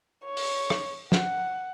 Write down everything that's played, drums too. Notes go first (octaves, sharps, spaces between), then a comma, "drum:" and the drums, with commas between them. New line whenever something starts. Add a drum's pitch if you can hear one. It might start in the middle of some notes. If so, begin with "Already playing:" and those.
C#5
drum: open hi-hat
drum: rim click
F#5, drum: snare